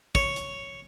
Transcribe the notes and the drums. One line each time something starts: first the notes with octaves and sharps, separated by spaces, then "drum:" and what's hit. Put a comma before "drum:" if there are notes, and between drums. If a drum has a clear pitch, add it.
C#5, drum: kick
drum: hi-hat